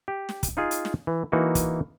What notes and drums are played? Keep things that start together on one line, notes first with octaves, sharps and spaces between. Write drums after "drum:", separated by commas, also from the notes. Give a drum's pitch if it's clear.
G4
drum: snare
drum: kick, hi-hat
D#4 F4 G#4
drum: hi-hat
drum: snare
E3
E3 A#3 D#4 F#4
drum: kick, hi-hat